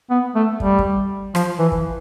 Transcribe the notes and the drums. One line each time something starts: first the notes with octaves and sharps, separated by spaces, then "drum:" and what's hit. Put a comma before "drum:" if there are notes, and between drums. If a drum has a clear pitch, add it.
B3
A3
G3, drum: kick
drum: kick
F3, drum: rim click
E3
drum: kick